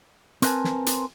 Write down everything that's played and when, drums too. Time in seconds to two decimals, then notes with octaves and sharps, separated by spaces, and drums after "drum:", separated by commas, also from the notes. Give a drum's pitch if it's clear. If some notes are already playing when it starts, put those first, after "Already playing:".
0.42 C4 A#4 B4 E5 G#5 A5, drum: hi-hat
0.64 drum: snare
0.86 drum: hi-hat